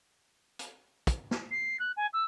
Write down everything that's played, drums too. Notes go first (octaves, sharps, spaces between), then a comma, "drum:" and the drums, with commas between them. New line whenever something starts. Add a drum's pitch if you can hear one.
drum: hi-hat
drum: kick, hi-hat
drum: snare
C7
F#6
G#5
E6